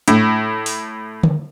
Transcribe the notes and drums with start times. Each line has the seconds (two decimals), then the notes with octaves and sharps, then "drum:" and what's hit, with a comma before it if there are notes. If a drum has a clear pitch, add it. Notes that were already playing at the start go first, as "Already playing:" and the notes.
0.08 A2, drum: hi-hat
0.66 drum: open hi-hat
1.23 drum: tom D3